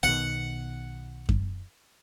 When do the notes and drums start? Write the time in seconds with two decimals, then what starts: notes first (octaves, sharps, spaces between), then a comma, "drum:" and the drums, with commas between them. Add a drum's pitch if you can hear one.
0.03 B1 B2 D#3 F#5
1.29 drum: kick F#2